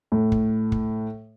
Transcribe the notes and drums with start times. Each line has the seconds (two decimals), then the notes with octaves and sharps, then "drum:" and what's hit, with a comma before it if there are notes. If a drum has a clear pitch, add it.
0.12 A2
0.32 drum: kick
0.72 drum: kick